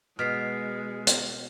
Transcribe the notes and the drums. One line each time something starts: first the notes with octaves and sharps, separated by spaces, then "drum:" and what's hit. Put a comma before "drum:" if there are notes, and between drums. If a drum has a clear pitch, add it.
B2 G#3 F6 B6 C7
drum: hi-hat